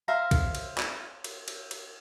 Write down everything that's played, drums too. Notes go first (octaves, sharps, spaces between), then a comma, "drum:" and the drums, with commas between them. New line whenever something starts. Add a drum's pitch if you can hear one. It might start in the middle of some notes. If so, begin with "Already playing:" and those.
C5 E5 F5 A#5
drum: kick, cymbal
drum: cymbal
drum: clap
drum: cymbal
drum: cymbal
drum: cymbal